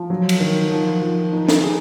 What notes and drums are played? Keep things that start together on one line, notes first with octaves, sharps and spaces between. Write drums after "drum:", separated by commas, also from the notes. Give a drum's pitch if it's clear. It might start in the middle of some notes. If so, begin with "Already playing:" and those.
Already playing: F3
F#3
drum: cymbal
D#3
F3
F3
D#4
drum: snare
G#4